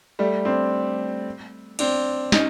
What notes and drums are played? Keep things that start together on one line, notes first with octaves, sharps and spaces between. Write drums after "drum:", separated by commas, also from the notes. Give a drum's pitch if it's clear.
G3 A3
C4 D4
C4 D4, drum: cymbal
C#4 D#4, drum: snare